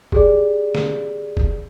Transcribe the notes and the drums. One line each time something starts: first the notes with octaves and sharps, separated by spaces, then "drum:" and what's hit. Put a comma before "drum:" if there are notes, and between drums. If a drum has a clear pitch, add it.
G4 G#4 D5, drum: kick
drum: snare
drum: kick